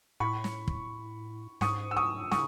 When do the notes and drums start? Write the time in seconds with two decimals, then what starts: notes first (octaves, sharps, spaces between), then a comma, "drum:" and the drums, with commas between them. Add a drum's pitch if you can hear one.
0.20 A2 B5 C#6
0.44 drum: snare
0.68 drum: kick
1.61 G#2 C#6 D#6, drum: snare
1.91 E6
1.96 C#6 D#6
2.31 C#3 C#6 D#6, drum: snare